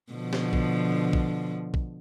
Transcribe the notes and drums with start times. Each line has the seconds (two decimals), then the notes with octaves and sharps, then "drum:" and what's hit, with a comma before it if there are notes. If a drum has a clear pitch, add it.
0.13 B2 D3 F3
0.33 drum: snare
0.53 drum: kick A#1
1.13 drum: kick A#1
1.74 drum: kick A#1